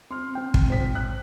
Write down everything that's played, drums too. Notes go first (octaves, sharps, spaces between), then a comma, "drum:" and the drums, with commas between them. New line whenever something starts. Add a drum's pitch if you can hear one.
C4 C6 F6
C4 G5
drum: kick
G#2 C5 B6
F#6